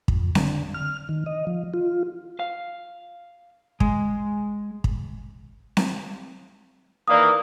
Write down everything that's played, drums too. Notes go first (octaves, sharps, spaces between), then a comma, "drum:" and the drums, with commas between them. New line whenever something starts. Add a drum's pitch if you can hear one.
F2, drum: kick
D3, drum: snare C4
F6
D#3
D#5
F3
F4
F5
G#3, drum: kick
drum: kick
drum: snare C4
D#3 E3 A#3 D5 D#6